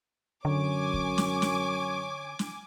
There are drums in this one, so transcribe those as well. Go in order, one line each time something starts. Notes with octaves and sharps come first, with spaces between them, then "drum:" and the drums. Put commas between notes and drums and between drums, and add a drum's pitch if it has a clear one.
F#2 D3 C#5 G#5 D6
drum: kick
drum: snare
drum: snare
drum: snare